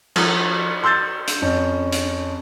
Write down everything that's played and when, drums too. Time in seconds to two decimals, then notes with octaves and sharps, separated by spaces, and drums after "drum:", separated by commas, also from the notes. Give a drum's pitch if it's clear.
0.16 F3, drum: cymbal
0.84 C6 E6 G6 A6
1.28 drum: hi-hat
1.42 F2 C#4
1.92 drum: hi-hat